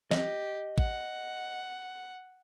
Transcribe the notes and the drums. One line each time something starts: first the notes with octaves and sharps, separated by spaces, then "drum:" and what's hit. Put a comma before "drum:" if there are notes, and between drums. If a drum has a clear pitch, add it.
G4 D#5, drum: snare
F#5, drum: kick